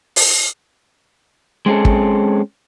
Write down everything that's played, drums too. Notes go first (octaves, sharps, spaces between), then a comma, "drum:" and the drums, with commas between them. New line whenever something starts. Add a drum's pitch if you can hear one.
drum: open hi-hat
G#3 C4 C#4 G#4 A4
drum: kick